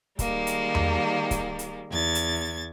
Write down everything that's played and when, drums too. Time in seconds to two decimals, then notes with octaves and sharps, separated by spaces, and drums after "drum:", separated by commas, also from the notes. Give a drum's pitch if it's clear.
0.19 D#3 G3 G#3 A#3, drum: kick C#1, hi-hat
0.47 drum: hi-hat
0.75 drum: tom E2
1.31 drum: kick C#1, hi-hat
1.59 drum: hi-hat
1.91 E2 G#6 A6
2.15 drum: hi-hat